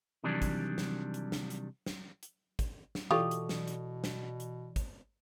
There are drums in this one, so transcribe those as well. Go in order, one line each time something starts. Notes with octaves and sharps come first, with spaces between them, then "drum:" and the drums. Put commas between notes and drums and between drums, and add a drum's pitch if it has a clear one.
C3 D#3 E3 F#3 G3 D4
drum: kick G#1, hi-hat
drum: snare
drum: hi-hat
drum: snare
drum: hi-hat
drum: snare
drum: hi-hat
drum: kick G#1, hi-hat
drum: snare
B2 E3 F4 G4 A4 D5 C#6 D#6
drum: hi-hat
drum: snare
drum: hi-hat
drum: snare
drum: hi-hat
drum: kick G#1, hi-hat